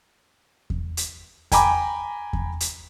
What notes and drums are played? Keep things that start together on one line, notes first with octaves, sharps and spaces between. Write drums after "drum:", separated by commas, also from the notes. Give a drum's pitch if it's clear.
drum: kick E2
drum: hi-hat
G5 G#5 A#5 B5 D6, drum: kick E2, hi-hat
drum: kick E2
drum: hi-hat